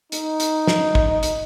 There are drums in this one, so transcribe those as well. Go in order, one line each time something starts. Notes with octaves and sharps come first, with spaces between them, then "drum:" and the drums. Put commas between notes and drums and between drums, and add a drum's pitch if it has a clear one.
D#4, drum: hi-hat
drum: hi-hat
drum: snare
drum: kick
drum: hi-hat